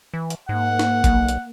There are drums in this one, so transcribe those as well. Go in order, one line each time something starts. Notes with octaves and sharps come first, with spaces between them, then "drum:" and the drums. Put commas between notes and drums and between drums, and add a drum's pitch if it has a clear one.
E3
drum: hi-hat
G#2 A#3 F#5
drum: snare
B1, drum: kick G1, hi-hat
drum: hi-hat